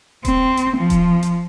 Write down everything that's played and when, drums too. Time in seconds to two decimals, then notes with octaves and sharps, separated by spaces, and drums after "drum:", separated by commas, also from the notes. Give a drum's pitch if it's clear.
0.25 C4, drum: kick D#1, hi-hat
0.57 drum: hi-hat
0.78 F3
0.90 drum: kick D#1, hi-hat
1.23 drum: hi-hat